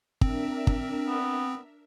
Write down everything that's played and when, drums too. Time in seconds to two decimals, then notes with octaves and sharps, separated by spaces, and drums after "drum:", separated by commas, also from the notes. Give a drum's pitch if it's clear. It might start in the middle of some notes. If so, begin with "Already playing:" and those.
0.21 C4 D4 A#4 E5, drum: kick
0.67 drum: kick
1.07 B3